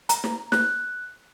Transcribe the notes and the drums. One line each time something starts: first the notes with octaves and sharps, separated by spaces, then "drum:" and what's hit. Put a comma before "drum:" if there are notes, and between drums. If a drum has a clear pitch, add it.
A#5, drum: hi-hat
drum: snare
F#6, drum: snare